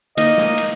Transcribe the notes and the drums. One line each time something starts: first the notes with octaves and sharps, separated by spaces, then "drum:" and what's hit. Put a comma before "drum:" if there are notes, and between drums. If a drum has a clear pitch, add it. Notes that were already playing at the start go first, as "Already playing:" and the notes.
A#3 D#4 D#5, drum: cymbal
drum: snare
drum: cymbal